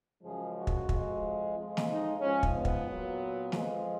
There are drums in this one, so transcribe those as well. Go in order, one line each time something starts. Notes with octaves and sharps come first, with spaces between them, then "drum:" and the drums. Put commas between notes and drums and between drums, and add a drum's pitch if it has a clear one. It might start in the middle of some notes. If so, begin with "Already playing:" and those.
F#2 C#3 F3 G#3 G#4
F#4
drum: kick
F2 F3 G#3, drum: kick
F2 F3 G#3
drum: snare
D#4
G#2 F3 G#3 C#4
drum: kick
B3
drum: kick
A#2 F#3
F2 F3 G#3, drum: snare